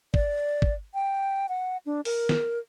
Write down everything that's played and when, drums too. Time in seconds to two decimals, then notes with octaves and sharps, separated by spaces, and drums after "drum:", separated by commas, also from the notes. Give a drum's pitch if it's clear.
0.14 D5, drum: kick
0.62 drum: kick
0.94 G5
1.49 F#5
1.86 D4
2.05 A#4, drum: open hi-hat
2.29 drum: snare